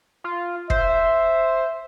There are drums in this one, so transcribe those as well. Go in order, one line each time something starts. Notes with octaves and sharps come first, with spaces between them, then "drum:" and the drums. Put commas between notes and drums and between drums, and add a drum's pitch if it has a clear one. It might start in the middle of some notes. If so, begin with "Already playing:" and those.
F4
C5 E5, drum: kick